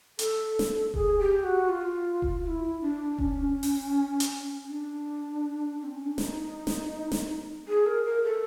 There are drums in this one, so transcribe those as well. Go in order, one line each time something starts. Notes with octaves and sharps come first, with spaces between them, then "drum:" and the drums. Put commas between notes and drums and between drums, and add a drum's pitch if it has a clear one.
A4, drum: hi-hat
drum: snare
G#4, drum: kick E1
G4
F#4
F4
drum: kick E1
F4
E4
D4
C#4, drum: kick E1
drum: open hi-hat
drum: hi-hat
D4
C4
C#4
D4
D#4, drum: snare
drum: snare
drum: snare
G#4
A#4
A#4
A4